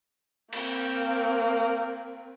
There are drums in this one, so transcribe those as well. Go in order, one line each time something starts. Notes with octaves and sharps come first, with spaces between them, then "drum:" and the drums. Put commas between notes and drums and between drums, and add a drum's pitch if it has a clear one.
A#3 C4, drum: cymbal